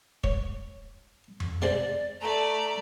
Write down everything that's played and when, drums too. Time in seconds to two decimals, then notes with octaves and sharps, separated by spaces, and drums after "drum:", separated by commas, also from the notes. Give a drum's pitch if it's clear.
0.24 C#5, drum: kick
1.40 drum: tom F2
1.62 C3 G#3 C5 D5
2.21 A3 D5 A#5